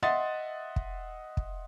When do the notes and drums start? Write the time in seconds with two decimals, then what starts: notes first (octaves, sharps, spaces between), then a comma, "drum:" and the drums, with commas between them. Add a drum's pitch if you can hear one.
0.03 D#5 E5 F#5 C6 D#6 A6
0.76 drum: kick
1.37 drum: kick